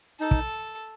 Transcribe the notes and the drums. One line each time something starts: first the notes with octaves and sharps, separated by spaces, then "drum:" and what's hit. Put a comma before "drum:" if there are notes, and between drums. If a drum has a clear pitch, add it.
D#4 A4
drum: kick